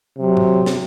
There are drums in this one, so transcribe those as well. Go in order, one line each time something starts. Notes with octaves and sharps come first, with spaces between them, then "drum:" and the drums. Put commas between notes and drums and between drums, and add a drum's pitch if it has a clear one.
C3 F#3
drum: tom G#2
drum: snare